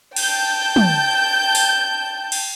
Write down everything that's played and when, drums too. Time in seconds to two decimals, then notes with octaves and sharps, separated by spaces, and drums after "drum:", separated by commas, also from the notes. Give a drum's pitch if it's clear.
0.16 G5 A5 G6, drum: cymbal
0.76 drum: tom
1.55 drum: open hi-hat
2.32 drum: cymbal